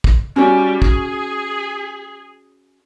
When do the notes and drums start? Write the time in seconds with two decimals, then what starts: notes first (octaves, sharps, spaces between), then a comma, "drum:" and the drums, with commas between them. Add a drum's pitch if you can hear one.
0.04 drum: kick
0.36 G3 C#4 F#4 C#5
0.82 G#4, drum: kick